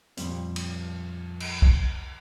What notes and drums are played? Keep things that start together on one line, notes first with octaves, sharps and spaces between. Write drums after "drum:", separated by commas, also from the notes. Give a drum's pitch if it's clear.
F2 A#2 C#3 G3 C4, drum: hi-hat
drum: cymbal
drum: cymbal
drum: kick